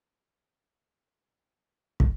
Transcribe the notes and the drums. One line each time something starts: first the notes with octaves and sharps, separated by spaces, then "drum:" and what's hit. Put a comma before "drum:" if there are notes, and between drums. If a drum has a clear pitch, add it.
G#5 B5 C#6
drum: kick